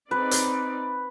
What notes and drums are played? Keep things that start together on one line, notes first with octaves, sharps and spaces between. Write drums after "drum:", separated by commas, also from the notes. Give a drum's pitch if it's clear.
C4 D#4 B4 D5
drum: hi-hat